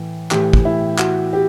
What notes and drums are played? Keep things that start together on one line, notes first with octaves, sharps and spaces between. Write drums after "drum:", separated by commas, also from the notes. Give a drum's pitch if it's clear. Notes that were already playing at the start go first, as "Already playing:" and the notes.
Already playing: A2 E3
A2 E3 G4, drum: clap
drum: kick
E4
F#4, drum: clap
G4